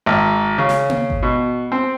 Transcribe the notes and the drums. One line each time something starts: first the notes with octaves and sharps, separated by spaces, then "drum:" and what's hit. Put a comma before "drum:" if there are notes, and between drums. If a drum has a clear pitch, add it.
G#1
C#3
drum: snare
drum: tom A#3
drum: kick G#1
B2
C4